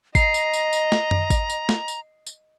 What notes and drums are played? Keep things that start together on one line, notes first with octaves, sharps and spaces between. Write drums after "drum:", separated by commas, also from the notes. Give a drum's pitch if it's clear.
D#5 A#5 C7, drum: kick G#1, tambourine
drum: tambourine
drum: tambourine
drum: tambourine
drum: snare
drum: tom F#2
drum: kick G#1, tambourine
drum: tambourine
drum: snare
drum: tambourine
drum: tambourine